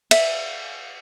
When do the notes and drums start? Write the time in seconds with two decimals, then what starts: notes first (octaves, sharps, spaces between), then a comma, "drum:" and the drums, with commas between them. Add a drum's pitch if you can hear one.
0.11 E5, drum: cymbal